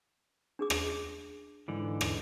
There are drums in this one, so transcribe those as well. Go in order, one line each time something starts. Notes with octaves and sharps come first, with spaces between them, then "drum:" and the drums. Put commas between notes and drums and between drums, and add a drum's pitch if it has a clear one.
D4 G#4 D6
drum: rim click
G#2 D3 E3
drum: rim click